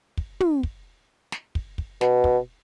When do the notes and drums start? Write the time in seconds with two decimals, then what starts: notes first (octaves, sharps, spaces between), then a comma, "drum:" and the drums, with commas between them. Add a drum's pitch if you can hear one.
0.17 drum: kick
0.40 drum: tom
0.63 drum: kick
1.32 drum: snare
1.55 drum: kick
1.78 drum: kick
2.01 B2, drum: snare
2.24 drum: kick